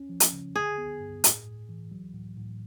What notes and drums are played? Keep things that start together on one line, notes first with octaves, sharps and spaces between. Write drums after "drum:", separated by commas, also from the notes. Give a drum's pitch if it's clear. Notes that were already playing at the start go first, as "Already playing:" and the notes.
Already playing: C#4
F3
drum: hi-hat
C#3
D3 G#4
B3
G2
A2, drum: hi-hat
A2
E3
F#3
A2
A2